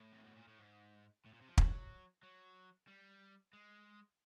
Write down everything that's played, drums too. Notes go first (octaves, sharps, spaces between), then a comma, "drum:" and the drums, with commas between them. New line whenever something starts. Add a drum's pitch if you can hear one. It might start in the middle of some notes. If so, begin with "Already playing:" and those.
Already playing: A2
C3
B2
A#2
A2
G#2
A2
A#2
C3
F3
F#3, drum: kick
F#3
G3
G#3